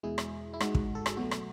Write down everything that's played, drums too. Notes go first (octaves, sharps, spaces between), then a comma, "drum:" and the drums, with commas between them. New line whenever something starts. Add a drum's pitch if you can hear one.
E2 B2 G#3 E4 G#4
drum: rim click
E4
G#2 G#3 F#4, drum: rim click
drum: kick
A4
G#4, drum: rim click
B2 F#3 A3 F#4
drum: rim click